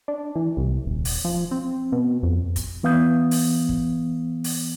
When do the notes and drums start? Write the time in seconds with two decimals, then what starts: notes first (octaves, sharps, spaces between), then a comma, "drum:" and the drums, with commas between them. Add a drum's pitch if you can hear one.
0.08 D4
0.35 E3
0.57 C2
0.86 D#1
1.05 drum: open hi-hat
1.25 F3
1.51 C4
1.92 B2
2.23 F2
2.56 drum: kick, hi-hat
2.83 E3 B3 F5 D#6 G6
3.31 drum: open hi-hat
3.69 drum: kick
4.44 drum: open hi-hat